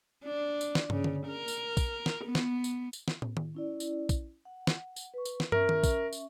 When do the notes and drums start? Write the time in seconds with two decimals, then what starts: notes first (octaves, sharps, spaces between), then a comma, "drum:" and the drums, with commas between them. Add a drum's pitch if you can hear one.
0.25 D4
0.61 drum: tambourine
0.75 drum: snare
0.90 C#3, drum: tom
1.04 drum: tom D3
1.28 A#4
1.48 drum: tambourine
1.77 drum: kick, tambourine
2.06 drum: snare
2.24 B3
2.35 drum: snare
2.64 drum: tambourine
2.93 drum: tambourine
3.08 drum: snare
3.22 drum: tom
3.37 drum: tom D#3
3.55 C#4 E4 D5
3.80 drum: tambourine
4.09 drum: kick, tambourine
4.45 F#5
4.67 drum: snare
4.96 drum: tambourine
5.14 B4 C#6
5.25 drum: tambourine
5.40 drum: snare
5.52 C#4 A#4 E5 C#6, drum: tom
5.69 drum: tom D#3
5.84 drum: kick, tambourine
6.13 drum: tambourine